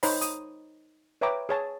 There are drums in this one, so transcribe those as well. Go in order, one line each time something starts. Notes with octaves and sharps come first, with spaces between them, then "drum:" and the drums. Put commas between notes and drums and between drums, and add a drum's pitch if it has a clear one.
D#4 C5 C#5 A#5 B5, drum: open hi-hat
D#6, drum: hi-hat
B4 C#5 E5 G5 A#5 D6
G#4 C#5 A5